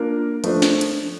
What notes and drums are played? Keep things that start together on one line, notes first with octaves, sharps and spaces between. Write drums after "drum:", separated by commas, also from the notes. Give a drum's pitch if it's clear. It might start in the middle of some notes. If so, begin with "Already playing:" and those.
Already playing: A#3 D4 F4 A#4
F3 A3 D4, drum: hi-hat
drum: snare
drum: hi-hat